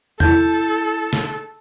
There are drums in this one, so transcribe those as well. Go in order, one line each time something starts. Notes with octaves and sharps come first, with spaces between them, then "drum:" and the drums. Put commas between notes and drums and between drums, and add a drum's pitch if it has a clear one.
E4 A4 A5 G6, drum: tom E2
drum: snare